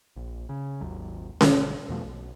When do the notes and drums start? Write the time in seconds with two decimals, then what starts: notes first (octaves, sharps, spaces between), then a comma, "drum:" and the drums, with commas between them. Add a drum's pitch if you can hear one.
0.16 A#1
0.49 C#3
0.81 G#1 D#2 F#3
1.41 G1 G2 B2 D3, drum: snare C#4
1.89 E2 B2 F3 A3
2.04 B1